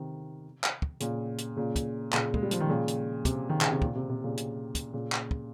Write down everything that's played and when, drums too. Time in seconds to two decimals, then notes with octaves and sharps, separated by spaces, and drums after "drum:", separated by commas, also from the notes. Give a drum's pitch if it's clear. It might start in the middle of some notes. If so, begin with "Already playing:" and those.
Already playing: C3 D#3
0.64 drum: clap
0.82 drum: kick
1.00 A#2 C#3, drum: hi-hat
1.38 drum: hi-hat
1.57 A#2 C#3
1.76 drum: kick, hi-hat
2.12 A#2 C#3, drum: clap
2.34 G#3, drum: kick
2.43 G3
2.51 F3, drum: hi-hat
2.60 D#3
2.69 A#2 C#3
2.88 drum: hi-hat
3.25 C3, drum: kick, hi-hat
3.49 D#3
3.61 C#3, drum: clap
3.71 C3
3.82 A#2, drum: kick
3.95 C3
4.09 C3
4.24 A#2 C#3
4.37 drum: hi-hat
4.75 drum: kick, hi-hat
4.93 A#2 C#3
5.12 drum: clap
5.31 drum: kick